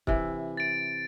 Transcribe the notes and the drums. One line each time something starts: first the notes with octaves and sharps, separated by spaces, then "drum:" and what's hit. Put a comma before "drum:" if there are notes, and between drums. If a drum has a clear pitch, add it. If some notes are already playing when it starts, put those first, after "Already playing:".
C3 E3, drum: kick
A6 D7